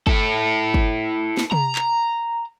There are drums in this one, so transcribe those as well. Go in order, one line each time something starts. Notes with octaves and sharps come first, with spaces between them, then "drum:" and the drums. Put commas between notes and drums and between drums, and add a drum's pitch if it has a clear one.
E4 A4, drum: kick
drum: kick
drum: snare
A#5, drum: tom
drum: clap